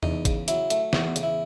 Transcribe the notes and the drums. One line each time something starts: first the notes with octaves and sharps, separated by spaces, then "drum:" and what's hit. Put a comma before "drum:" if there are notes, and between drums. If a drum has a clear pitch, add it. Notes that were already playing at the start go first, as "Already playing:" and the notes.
E2 D#4, drum: tom E2
C#3, drum: kick, hi-hat
F#3 E4, drum: hi-hat
A3, drum: hi-hat
E2 F#4, drum: snare
C#3, drum: hi-hat
E4